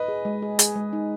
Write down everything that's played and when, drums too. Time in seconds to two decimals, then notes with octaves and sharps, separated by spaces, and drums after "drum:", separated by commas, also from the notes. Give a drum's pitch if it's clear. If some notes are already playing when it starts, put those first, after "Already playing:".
Already playing: B4 D#5
0.08 G#4
0.25 G#3
0.42 G#4
0.59 G#4, drum: hi-hat
0.76 G#3
0.93 D#4